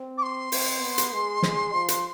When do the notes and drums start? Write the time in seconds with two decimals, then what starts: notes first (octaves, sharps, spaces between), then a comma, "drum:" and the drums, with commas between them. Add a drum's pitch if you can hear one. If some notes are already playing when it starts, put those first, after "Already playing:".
Already playing: C4
0.18 D6
0.22 C6
0.52 C4, drum: open hi-hat
0.82 B3
0.98 drum: hi-hat
1.13 G#3
1.42 G#3, drum: snare
1.73 F3
1.88 drum: hi-hat